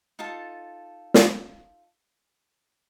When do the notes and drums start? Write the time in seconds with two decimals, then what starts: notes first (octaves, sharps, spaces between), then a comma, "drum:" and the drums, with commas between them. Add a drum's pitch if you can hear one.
0.19 D#4 F4 A4 A5
1.14 drum: snare